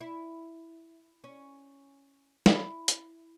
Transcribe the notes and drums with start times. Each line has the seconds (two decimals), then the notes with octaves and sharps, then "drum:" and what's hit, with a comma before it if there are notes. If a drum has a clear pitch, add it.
0.01 E4
1.24 C#4
2.46 E4, drum: snare
2.88 drum: hi-hat